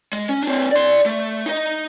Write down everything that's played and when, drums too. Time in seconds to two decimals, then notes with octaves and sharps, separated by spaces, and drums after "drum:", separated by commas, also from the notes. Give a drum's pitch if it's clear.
0.13 G#3, drum: open hi-hat
0.29 C#4
0.43 C4 D4
0.71 D5 C6
1.06 A3
1.46 D#4 D#5